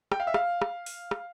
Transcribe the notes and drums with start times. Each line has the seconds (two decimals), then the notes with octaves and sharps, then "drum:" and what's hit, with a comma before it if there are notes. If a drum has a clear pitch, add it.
0.12 G5, drum: rim click
0.20 F5
0.27 E5
0.34 F5, drum: rim click
0.62 drum: rim click
0.86 drum: open hi-hat
1.11 drum: rim click